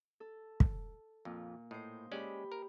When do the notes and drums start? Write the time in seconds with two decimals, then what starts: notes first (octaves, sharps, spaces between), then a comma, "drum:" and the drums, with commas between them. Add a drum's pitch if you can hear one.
0.20 A4
0.60 drum: kick
1.25 F2 A#2
1.71 A2 C5 D#5
2.12 G#3 C#4 G4 D5 G5 B5
2.52 A#4